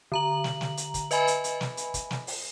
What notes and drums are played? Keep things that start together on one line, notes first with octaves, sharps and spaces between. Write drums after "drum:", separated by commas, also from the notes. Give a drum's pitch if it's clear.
D3 A#5 F#7
drum: snare
drum: snare
drum: hi-hat
drum: kick, hi-hat
B4 D#5 E5 G#5 B5, drum: hi-hat
drum: hi-hat
drum: hi-hat
drum: snare
drum: hi-hat
drum: kick, hi-hat
drum: snare
drum: open hi-hat